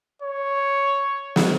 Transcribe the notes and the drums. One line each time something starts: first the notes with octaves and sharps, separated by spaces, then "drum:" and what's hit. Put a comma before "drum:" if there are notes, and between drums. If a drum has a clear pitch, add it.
C#5
drum: snare